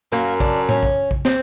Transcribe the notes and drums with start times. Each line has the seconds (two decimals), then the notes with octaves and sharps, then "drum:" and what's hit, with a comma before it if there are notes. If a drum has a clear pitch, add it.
0.12 F#2 A#3
0.40 D4, drum: kick A#1
0.69 C#4, drum: tom A2
0.83 drum: kick A#1
1.11 drum: kick A#1
1.25 C4, drum: snare